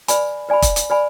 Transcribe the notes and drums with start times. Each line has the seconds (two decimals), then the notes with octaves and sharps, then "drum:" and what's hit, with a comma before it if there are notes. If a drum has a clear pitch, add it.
0.08 B4 D5 G#5 B5, drum: hi-hat
0.49 B4 D5 G#5 B5
0.62 drum: kick, hi-hat
0.76 drum: hi-hat
0.90 B4 D5 G#5 B5